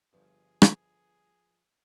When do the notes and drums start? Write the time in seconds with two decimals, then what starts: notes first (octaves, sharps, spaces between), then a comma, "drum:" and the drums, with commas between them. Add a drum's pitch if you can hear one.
0.13 G1 G2 F3 G#4 B4
0.62 drum: rim click